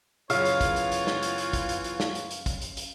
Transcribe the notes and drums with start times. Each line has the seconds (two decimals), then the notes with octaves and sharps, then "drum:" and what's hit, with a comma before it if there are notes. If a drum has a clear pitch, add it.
0.30 F#2 C#3 E3 B3 F4 C#5 F5, drum: hi-hat
0.45 drum: hi-hat
0.61 drum: kick, hi-hat
0.76 drum: hi-hat
0.92 drum: hi-hat
1.07 drum: snare
1.23 drum: hi-hat
1.38 drum: hi-hat
1.53 drum: kick, hi-hat
1.69 drum: hi-hat
1.84 drum: hi-hat
2.00 drum: snare
2.15 drum: hi-hat
2.31 drum: hi-hat
2.46 drum: kick, hi-hat
2.62 drum: hi-hat
2.77 drum: hi-hat